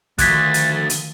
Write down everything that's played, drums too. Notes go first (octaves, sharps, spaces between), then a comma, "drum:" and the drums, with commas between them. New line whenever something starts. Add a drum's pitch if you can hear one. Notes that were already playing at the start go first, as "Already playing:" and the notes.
D2 D#3 F3 F#6 G#6 A6 B6, drum: kick, hi-hat
drum: hi-hat
drum: hi-hat